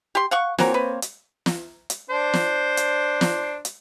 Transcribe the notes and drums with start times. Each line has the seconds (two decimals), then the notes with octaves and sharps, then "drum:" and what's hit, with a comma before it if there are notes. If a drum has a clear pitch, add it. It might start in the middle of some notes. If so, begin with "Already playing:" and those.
0.15 G4 C6
0.31 F5 F#5 C#6
0.58 E3 A#3 C4 F#4 A#4 C#5, drum: snare
0.74 B4
1.02 drum: hi-hat
1.46 drum: snare
1.90 drum: hi-hat
2.10 D4 C5
2.33 drum: snare
2.77 drum: hi-hat
3.21 drum: snare
3.65 drum: hi-hat